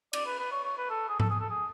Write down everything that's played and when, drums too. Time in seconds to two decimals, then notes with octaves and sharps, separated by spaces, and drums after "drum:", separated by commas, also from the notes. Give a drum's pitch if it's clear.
0.13 D5, drum: cymbal
0.26 B4
0.39 B4
0.51 C#5
0.64 C#5
0.78 B4
0.90 A4
1.09 G#4
1.20 A4, drum: tom G#2
1.30 G#4
1.40 A4
1.50 G#4